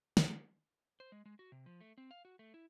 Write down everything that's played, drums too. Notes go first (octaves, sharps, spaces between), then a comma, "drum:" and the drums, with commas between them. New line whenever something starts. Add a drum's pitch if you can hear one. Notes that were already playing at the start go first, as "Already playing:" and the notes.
drum: snare
C5
G#3
G#3
F#4
C3
F3
A3
C4
F5
F#4
A3
E4